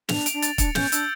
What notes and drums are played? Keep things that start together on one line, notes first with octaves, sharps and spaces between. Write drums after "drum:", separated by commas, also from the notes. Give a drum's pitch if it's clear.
D4 F7, drum: snare
D7, drum: hi-hat
D4
A6, drum: hi-hat
D4 C#7, drum: kick, hi-hat
C#4 G6, drum: snare
D4 E6, drum: hi-hat